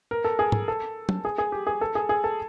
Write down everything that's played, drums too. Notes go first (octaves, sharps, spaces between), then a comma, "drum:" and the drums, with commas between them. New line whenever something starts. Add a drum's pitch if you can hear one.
A#4
A4
G#4
drum: tom
A4
drum: tom
G#4
G#4
G4
G#4
A4
G#4
G#4
A4